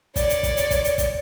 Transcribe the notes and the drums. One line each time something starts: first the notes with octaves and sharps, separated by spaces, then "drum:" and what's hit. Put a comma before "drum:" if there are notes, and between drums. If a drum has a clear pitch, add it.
C#5 D5, drum: kick, hi-hat
drum: hi-hat
drum: kick, hi-hat
drum: hi-hat
drum: kick, hi-hat
drum: hi-hat
drum: kick, hi-hat